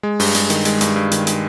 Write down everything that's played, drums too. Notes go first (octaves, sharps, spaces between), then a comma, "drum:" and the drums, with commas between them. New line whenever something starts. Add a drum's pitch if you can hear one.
G#3
G2, drum: open hi-hat
G#3, drum: hi-hat
D#3, drum: hi-hat
G#3, drum: hi-hat
G2, drum: hi-hat
G2
D#3, drum: hi-hat
drum: hi-hat